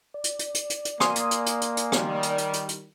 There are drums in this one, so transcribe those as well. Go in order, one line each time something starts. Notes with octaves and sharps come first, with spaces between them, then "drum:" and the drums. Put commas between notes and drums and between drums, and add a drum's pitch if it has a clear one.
D5
drum: hi-hat
drum: hi-hat
drum: hi-hat
drum: hi-hat
drum: hi-hat
A#3 G#5 C6 D#6, drum: rim click
drum: hi-hat
drum: hi-hat
drum: hi-hat
drum: hi-hat
drum: hi-hat
D#3 G3, drum: rim click
drum: hi-hat
drum: hi-hat
drum: hi-hat
drum: hi-hat